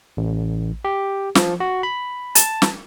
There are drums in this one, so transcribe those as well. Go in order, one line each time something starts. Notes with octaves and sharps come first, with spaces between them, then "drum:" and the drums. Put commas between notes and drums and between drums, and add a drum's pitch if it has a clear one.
A1
G4
F3, drum: snare
F#4
B5
A5, drum: hi-hat
drum: snare